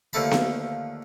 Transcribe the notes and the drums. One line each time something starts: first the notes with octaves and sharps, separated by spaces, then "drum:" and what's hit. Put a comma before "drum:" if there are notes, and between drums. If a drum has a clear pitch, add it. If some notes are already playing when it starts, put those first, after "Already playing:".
D#2 D3 F3 A3 A5 B5
drum: snare B3